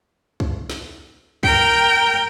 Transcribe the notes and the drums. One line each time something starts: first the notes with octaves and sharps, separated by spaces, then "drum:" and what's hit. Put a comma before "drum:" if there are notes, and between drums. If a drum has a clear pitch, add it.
drum: kick
drum: snare
A#4 G5, drum: kick